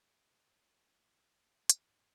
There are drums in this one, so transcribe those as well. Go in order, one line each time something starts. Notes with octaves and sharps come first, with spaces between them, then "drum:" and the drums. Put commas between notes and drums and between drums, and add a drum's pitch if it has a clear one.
A3
drum: hi-hat
G#2 G4 F5